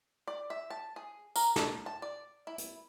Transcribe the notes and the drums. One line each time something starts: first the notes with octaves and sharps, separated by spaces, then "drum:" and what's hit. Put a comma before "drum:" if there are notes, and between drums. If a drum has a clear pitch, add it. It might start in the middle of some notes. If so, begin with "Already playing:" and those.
D5
E5
A5
G#4
A#4, drum: tambourine
A4, drum: snare
A5
D5
E4
drum: hi-hat